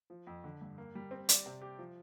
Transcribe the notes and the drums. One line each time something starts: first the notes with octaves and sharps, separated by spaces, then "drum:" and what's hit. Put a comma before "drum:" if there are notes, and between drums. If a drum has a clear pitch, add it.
F3
F2
D3
G2
A#3
G3
C4
D5, drum: hi-hat
C3
G4
F3